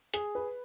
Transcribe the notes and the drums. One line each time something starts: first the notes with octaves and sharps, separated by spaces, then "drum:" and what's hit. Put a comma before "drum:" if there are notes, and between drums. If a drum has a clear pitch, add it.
G#4, drum: hi-hat
B4